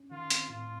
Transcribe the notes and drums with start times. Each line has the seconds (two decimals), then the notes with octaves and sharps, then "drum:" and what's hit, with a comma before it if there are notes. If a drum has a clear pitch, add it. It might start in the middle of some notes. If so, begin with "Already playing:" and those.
Already playing: C#4
0.11 D#3 F4
0.30 C4, drum: hi-hat
0.49 A2 F4